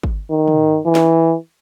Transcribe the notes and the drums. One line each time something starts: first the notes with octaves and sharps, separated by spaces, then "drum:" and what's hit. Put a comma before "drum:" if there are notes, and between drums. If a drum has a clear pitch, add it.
drum: kick
D#3
drum: tom
E3
drum: snare